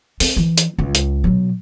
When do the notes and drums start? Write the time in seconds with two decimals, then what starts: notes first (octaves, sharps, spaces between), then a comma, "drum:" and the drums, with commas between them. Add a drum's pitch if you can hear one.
0.20 C4, drum: open hi-hat
0.37 E3
0.58 drum: hi-hat
0.78 C#2
0.95 drum: hi-hat
1.24 B2 F#3